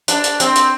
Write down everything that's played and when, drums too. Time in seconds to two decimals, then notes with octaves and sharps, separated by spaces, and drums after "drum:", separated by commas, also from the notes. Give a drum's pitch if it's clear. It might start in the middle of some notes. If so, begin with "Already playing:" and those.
0.08 D4, drum: hi-hat
0.24 drum: hi-hat
0.40 C4, drum: hi-hat
0.56 drum: hi-hat